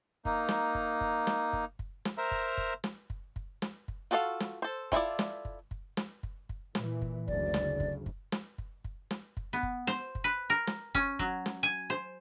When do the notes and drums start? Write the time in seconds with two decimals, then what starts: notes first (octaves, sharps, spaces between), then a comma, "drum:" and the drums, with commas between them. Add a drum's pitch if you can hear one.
0.25 A#3 D#4, drum: kick
0.49 drum: snare
0.75 drum: kick
1.01 drum: kick
1.27 drum: snare
1.53 drum: kick
1.79 drum: kick
2.05 drum: snare
2.18 A#4 C5 E5 A#5
2.31 drum: kick
2.58 drum: kick
2.84 drum: snare
3.10 drum: kick
3.36 drum: kick
3.62 drum: snare
3.88 drum: kick
4.11 F4 F#4 A4 D5 F5
4.40 drum: snare
4.62 A4 C5
4.92 C#4 E4 F4 A4 D5, drum: kick
5.19 drum: snare
5.45 drum: kick
5.71 drum: kick
5.97 drum: snare
6.23 drum: kick
6.49 drum: kick
6.75 A#2 E3, drum: snare
7.02 drum: kick
7.28 F#1 D2 C#3 D5, drum: kick
7.54 drum: snare
7.80 drum: kick
8.06 drum: kick
8.32 drum: snare
8.58 drum: kick
8.84 drum: kick
9.11 drum: snare
9.37 drum: kick
9.53 B3
9.63 drum: kick
9.87 C5, drum: snare
10.15 drum: kick
10.24 B4
10.50 A#4
10.67 drum: snare
10.95 C#4, drum: kick
11.19 F#3, drum: kick
11.46 drum: snare
11.63 G#5
11.90 C5